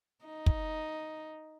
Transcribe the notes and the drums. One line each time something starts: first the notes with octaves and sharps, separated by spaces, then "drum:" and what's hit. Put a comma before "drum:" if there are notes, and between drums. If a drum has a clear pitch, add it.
D#4
drum: kick